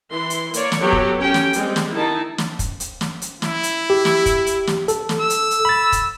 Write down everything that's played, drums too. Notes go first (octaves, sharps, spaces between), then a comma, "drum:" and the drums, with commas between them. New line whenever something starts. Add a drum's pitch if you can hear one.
E3 C6
drum: hi-hat
A#3 C#5 D5, drum: hi-hat
drum: snare
F#3 B3 G4 A4 C#5
drum: kick
C#4 G4 G5
drum: snare
G3 G#3 C4, drum: hi-hat
drum: snare
D#3 D#4 E4 A5
drum: snare
drum: kick, hi-hat
drum: hi-hat
drum: snare
drum: hi-hat
E4, drum: snare
drum: hi-hat
G4
drum: snare
drum: kick, hi-hat
drum: hi-hat
drum: snare
A4, drum: hi-hat
drum: snare
E6
drum: hi-hat
drum: hi-hat
B5 A6
drum: kick, hi-hat